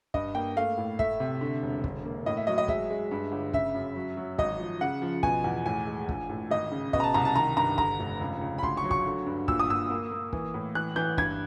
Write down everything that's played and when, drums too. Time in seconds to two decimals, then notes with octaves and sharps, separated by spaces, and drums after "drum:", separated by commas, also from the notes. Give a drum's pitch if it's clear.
0.14 G2 D#5, drum: kick
0.35 A#3 G5
0.57 A3 F5
0.78 A2
0.99 A3 E5, drum: kick
1.20 C3
1.41 D3
1.62 E1
1.84 D3, drum: kick
2.05 A#3
2.26 A2 D#5
2.37 E5
2.47 F#3 D#5
2.58 D#5
2.68 G#3 E5, drum: kick
2.90 G#3
3.11 G2
3.32 G1
3.53 C#3 E5, drum: kick
3.75 F#2
3.96 F#3
4.17 F#3
4.38 G#1 D#5, drum: kick
4.60 F3
4.81 C#3 F#5
5.02 F3
5.23 B2 G#5, drum: kick
5.44 E2
5.66 A2 G#5
5.87 G#3
6.09 A#1, drum: kick
6.29 A2
6.51 G#1 D#5
6.72 C#3
6.93 B2 D#5, drum: kick
7.00 A#5
7.04 A5
7.14 C2 A#5
7.25 A5
7.36 D#3 A#5
7.57 G2 A#5
7.78 D3 A#5, drum: kick
8.00 F1
8.21 C#2
8.41 C#2
8.58 B5
8.63 D2 C6, drum: kick
8.77 C#6
8.84 F#3
8.91 C#6, drum: kick
9.05 D3
9.26 G2
9.48 A#2 E6, drum: kick
9.59 D#6
9.70 A#2 E6
9.90 A#3
10.12 A#3
10.33 E3, drum: kick
10.54 A2
10.75 E3 F#6
10.96 E3 G6
11.18 G2 G#6, drum: kick